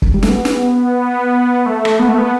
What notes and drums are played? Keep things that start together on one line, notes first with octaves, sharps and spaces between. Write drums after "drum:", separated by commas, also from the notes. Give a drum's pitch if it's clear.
drum: kick
G3
A3, drum: snare
B3
drum: snare
A3
drum: rim click
B3
A3
B3